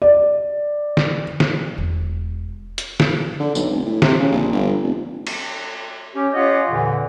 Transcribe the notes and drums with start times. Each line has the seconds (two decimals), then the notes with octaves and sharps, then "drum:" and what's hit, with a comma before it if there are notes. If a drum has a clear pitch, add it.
0.02 D5
0.97 drum: snare
1.40 drum: snare
1.78 E1
2.78 drum: hi-hat
3.00 drum: snare
3.39 D3
3.55 B1, drum: tambourine
3.71 F1
3.86 A2
4.02 C3, drum: snare
4.19 C#3
4.32 A#1
4.52 G1
4.83 F1
5.27 drum: cymbal
6.15 C#4 G4
6.34 C#4 F4 G4 C#5 D#5 F#5
6.69 E2 A#2 D3 E3